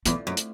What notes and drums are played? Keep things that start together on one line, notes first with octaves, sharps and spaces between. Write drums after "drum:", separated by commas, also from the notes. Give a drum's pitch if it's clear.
E2 A3, drum: hi-hat
F#2
drum: hi-hat